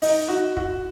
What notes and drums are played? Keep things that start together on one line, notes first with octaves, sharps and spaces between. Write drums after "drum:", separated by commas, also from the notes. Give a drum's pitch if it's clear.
D#4, drum: open hi-hat
F#4
F#4, drum: kick